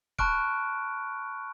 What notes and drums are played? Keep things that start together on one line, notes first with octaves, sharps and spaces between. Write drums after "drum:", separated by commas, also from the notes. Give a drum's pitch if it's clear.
A5 B5 C#6 F6 F#6 D7, drum: kick